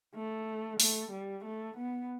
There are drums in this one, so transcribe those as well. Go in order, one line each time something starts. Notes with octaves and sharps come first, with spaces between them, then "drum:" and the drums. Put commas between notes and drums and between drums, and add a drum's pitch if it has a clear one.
A3
A3, drum: open hi-hat
G3
A3
B3